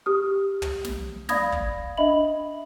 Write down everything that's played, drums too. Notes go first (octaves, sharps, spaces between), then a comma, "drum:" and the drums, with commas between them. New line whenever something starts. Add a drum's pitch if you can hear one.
G4 D#6 F6
drum: tom
drum: snare
D5 F5 B5 D#6 G#6 A#6, drum: snare
drum: kick
D4 D#5 E5 B5 F#7